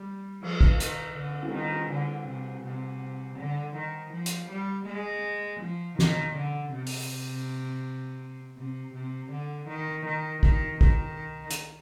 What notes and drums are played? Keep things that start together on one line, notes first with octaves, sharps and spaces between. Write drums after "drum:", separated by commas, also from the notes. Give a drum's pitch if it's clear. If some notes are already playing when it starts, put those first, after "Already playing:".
Already playing: G3
F3, drum: cymbal
drum: kick
D#3, drum: hi-hat
D3
drum: cymbal
D#3
D3
C3
C3
D3
D#3
F3
drum: hi-hat
G3
G#3
F3
D#3, drum: snare
D3
C3
drum: open hi-hat
C3
C3
D3
D#3
D#3
D#3, drum: kick
D#3, drum: kick
drum: hi-hat